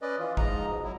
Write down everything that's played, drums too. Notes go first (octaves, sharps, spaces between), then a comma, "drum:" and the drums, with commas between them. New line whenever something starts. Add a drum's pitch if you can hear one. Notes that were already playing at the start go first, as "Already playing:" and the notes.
C#4 B4 D5 D#5
E3 F4
G#2 F3 G#3 D#5 A#5, drum: kick
B2
F#3 E4